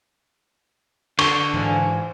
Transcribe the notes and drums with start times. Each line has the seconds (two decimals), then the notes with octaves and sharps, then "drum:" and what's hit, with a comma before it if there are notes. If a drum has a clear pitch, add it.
1.19 D3 C#6 G7, drum: cymbal
1.54 G#2 E3 C5 F5 G#5